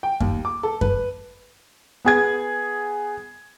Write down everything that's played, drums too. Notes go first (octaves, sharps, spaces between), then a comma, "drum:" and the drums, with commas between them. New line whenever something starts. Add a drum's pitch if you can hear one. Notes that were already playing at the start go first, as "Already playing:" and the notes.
G5
D#2, drum: kick F#2
D6
A4
B4, drum: kick F#2
B3 G#4 G#6